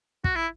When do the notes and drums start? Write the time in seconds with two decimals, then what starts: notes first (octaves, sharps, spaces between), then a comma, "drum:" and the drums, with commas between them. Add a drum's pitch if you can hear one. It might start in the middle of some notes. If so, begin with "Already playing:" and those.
0.24 F#4, drum: kick
0.36 E4